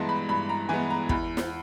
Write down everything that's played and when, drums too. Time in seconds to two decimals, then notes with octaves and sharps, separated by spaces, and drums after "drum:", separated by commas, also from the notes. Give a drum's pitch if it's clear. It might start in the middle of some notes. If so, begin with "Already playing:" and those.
Already playing: G2 E3 G#3 B3 A5 A#5 C6
0.09 B5
0.29 G2 B5
0.49 A#5
0.69 E3 G#3 B3 G#5
0.90 A#5
1.09 E2 B5, drum: kick
1.37 drum: snare